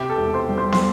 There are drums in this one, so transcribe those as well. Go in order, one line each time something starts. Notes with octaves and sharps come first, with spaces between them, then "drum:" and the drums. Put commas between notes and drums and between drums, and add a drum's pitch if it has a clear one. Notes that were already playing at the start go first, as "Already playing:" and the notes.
Already playing: C3 G4 G5
A4
E1
C5 C6
G3
C5 C6
C6, drum: snare